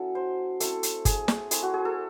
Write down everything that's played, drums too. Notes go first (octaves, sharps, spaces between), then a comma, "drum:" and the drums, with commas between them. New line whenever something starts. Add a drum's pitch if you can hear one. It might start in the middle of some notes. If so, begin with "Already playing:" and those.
Already playing: F#3 C#4 E4 A4
C5
A3 C4 E4 A4, drum: hi-hat
drum: hi-hat
G#4, drum: kick G1, hi-hat
drum: snare
A3 C4 E4 G#4, drum: hi-hat
F#4
G#4
A4